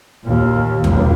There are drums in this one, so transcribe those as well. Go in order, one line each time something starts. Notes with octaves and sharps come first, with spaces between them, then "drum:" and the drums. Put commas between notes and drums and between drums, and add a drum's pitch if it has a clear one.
D#2 A#2
C#2, drum: tom E2